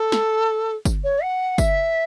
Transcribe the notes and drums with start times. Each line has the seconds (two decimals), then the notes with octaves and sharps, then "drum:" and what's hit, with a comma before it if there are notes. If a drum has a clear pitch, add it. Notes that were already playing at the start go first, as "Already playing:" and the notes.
Already playing: A4
0.12 drum: snare
0.85 drum: kick, tambourine
1.04 C#5
1.23 F#5
1.58 E5, drum: kick, tambourine